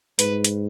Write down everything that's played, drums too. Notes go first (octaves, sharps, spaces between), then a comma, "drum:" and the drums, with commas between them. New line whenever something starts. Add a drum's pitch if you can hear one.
G#2 B4, drum: hi-hat
drum: hi-hat